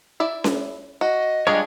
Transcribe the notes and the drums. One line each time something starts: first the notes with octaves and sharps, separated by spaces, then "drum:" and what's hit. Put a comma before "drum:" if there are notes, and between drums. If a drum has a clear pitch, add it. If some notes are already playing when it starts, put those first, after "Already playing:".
E4 D5 E5
drum: snare C#4
F#4 D#5
G3 G#3 D4 F4 G#4 C#5